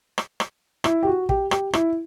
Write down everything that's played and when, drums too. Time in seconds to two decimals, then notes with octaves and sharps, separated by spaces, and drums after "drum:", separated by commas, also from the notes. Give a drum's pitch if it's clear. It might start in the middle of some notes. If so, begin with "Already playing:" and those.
0.18 drum: rim click
0.40 drum: rim click
0.84 E4, drum: rim click
1.03 G4
1.07 F#4
1.29 G4, drum: kick
1.51 G4, drum: rim click
1.73 E4, drum: rim click